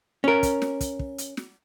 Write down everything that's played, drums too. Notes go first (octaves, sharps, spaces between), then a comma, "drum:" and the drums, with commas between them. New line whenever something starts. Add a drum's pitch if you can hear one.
C#4 A#4
drum: kick, hi-hat
drum: snare
drum: kick, hi-hat
drum: kick
drum: hi-hat
drum: snare